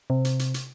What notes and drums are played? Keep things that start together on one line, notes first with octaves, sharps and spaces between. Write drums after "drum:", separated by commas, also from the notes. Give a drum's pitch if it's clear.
C3
drum: hi-hat
drum: hi-hat
drum: hi-hat